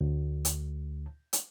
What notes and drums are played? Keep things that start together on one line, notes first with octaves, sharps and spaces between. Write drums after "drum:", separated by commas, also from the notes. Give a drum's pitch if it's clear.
D2
drum: hi-hat
drum: hi-hat